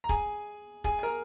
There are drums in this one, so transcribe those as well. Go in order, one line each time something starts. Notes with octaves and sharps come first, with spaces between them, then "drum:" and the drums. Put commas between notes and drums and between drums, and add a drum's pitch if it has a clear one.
A#5
G#4 G#5, drum: kick
G#4 G#5, drum: kick
G#5
A#4 A#5